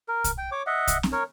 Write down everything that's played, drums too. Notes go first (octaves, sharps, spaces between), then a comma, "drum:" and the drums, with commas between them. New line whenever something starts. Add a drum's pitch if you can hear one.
A#4
drum: kick, hi-hat
G5
C#5 D6
D#5 E5 F#5
drum: kick, hi-hat
drum: snare C4
A#4 C#5